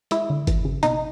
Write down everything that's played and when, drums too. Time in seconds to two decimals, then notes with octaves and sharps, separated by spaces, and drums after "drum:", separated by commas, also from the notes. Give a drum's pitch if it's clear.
0.11 G#3 E4, drum: hi-hat
0.30 D3
0.47 E3, drum: kick G1, hi-hat
0.65 C#3
0.83 B2 D#4, drum: hi-hat